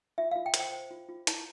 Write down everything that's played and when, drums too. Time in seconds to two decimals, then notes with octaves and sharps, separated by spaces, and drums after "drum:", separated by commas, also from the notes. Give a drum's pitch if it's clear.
0.18 F4 E5
0.31 F4 F5
0.46 G5
0.54 C5, drum: hi-hat
0.59 G5
0.72 C5
0.91 F4
1.09 F4
1.27 E4 A5, drum: hi-hat